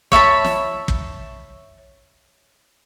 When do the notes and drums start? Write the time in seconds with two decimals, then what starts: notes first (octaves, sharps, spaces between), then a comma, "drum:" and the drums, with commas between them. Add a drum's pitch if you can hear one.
0.12 C#5 E5 A5 B5, drum: kick
0.44 drum: snare
0.88 drum: kick